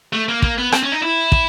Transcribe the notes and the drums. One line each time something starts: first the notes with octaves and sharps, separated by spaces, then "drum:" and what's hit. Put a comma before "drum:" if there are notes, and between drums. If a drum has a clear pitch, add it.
A3
A#3
A#3, drum: kick
B3
C4, drum: rim click
C#4
D#4
E4
drum: kick